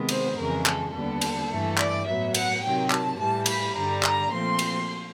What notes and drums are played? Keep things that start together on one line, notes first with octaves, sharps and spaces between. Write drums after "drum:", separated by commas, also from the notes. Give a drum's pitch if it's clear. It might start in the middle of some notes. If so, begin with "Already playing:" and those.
Already playing: C3 D#3 G#3 B3
C5, drum: cymbal
F2 C#3 E3 G#3 A#4
A4, drum: clap
D#2 D3 G3 B3 A4
drum: cymbal
G2 E3 A3
D5, drum: clap
A2 F#3 B3 E5
F#5, drum: cymbal
C3 D#3 F#3 G5
A5, drum: clap
A2 E3 G3 A5
B5, drum: cymbal
G2 D3 G3 A#5
A#5, drum: clap
A#2 F3 A3 C4 C6
drum: cymbal